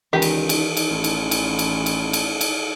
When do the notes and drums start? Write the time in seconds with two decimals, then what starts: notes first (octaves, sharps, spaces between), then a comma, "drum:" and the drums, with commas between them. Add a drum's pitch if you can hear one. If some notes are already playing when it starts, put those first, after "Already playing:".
0.13 C#2 D#3 E3 G4
0.22 drum: cymbal
0.49 drum: cymbal
0.77 drum: cymbal
0.90 A1
1.04 drum: cymbal
1.31 drum: cymbal
1.59 drum: cymbal
1.86 drum: cymbal
2.13 drum: cymbal
2.41 drum: cymbal